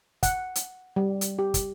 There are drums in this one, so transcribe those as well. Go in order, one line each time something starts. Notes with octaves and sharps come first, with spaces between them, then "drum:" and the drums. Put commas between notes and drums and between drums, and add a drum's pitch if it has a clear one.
F#5, drum: kick, hi-hat
drum: hi-hat
G3
drum: hi-hat
G4
drum: kick, hi-hat